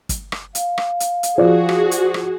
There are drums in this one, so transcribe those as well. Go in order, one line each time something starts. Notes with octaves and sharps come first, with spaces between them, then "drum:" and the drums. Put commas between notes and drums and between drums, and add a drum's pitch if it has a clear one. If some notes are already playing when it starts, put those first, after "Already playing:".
drum: kick, hi-hat
drum: rim click
F5, drum: hi-hat
drum: rim click
drum: hi-hat
drum: hi-hat
F3 F#4 G#4 D5
drum: rim click
drum: hi-hat
drum: rim click